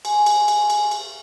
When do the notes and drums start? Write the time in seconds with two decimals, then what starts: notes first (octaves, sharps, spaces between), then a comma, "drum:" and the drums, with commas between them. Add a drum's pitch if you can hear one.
0.05 G#5, drum: cymbal
0.26 drum: cymbal
0.48 drum: cymbal
0.70 drum: cymbal
0.91 drum: cymbal